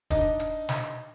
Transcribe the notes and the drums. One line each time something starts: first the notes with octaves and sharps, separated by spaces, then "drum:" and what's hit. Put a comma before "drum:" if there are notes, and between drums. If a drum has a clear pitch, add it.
D4 D#4 D#5, drum: kick E1, hi-hat
drum: hi-hat
drum: snare